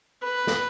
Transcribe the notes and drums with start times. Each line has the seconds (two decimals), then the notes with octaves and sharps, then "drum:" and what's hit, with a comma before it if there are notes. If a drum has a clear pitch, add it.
0.23 B4
0.47 drum: snare